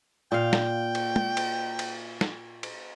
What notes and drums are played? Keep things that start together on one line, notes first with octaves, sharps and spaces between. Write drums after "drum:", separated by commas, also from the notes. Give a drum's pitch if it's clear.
A#2 F5 G5
drum: snare
drum: cymbal
drum: tom
drum: cymbal
drum: cymbal
drum: snare
drum: cymbal